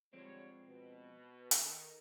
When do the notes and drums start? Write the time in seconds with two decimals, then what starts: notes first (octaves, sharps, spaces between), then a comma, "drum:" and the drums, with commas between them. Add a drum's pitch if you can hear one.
0.13 D3 F3 G3 G#3 C4 C#5
0.65 B2
1.51 D#3 A4 A#4 A#5, drum: hi-hat